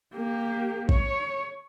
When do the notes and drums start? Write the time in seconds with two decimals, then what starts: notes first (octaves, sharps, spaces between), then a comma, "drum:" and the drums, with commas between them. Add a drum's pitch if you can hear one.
0.14 A#3 G4
0.89 C#5, drum: kick A1